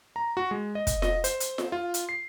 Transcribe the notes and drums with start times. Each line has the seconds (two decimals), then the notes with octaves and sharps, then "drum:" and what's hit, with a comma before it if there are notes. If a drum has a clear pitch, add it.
0.16 A#5
0.37 F#4
0.51 G#3
0.75 D#5
0.87 drum: kick, hi-hat
1.02 D#5, drum: snare F4
1.24 C5, drum: hi-hat
1.40 drum: hi-hat
1.58 drum: snare F4
1.72 F4
1.94 drum: hi-hat
2.09 C7